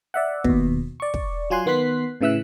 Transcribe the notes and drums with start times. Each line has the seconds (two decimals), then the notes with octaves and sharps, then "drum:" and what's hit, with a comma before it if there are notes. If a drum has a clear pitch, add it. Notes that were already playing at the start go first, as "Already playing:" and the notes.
0.14 D5 E5 F#5
0.44 D#2 B2, drum: kick
1.00 D5 C#6
1.14 drum: kick
1.50 F#3 F4 G#5 C6 F#6
1.66 D#3 B3 C6 F#6 B6 C7
2.21 A2 C#3 E3 E5 E6 F#6